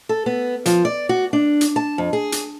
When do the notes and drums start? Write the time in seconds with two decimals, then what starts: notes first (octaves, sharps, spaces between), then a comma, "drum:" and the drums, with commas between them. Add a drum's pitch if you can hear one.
0.09 A4
0.26 B3
0.66 F3, drum: hi-hat
0.85 D5
1.09 F#4
1.33 D4
1.61 drum: hi-hat
1.76 A5
1.98 F2
2.13 G#4
2.32 drum: hi-hat